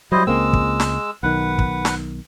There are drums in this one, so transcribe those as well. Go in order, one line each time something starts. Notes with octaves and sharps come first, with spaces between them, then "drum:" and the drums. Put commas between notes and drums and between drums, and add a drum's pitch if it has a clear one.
F#3 G3 E4 C5 D#5
C#2 G#3 A#3 C4 E6
drum: kick
drum: snare
B1 D#3 B4 F#5
drum: kick
drum: snare